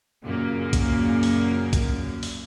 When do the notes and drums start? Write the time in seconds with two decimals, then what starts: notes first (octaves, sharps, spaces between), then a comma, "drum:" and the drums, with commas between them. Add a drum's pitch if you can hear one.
0.23 F#2 A#2 C#3 A#3
0.73 drum: kick B1, hi-hat
1.23 drum: open hi-hat
1.73 drum: kick B1, hi-hat
2.23 drum: open hi-hat